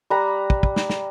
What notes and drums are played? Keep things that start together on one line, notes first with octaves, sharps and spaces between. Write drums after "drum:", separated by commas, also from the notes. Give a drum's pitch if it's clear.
G3 F#5 A#5 B5
drum: kick
drum: kick
drum: snare
drum: snare